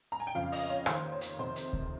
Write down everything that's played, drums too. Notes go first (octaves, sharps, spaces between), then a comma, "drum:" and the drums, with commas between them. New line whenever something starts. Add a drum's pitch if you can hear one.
A#5
G#5
G5
F2 C#3 F3 F5
D#5, drum: open hi-hat
C#5
D#2 D#3 C5, drum: rim click
C#5
drum: hi-hat
F2 C3 D#3 C5
drum: hi-hat
drum: kick D2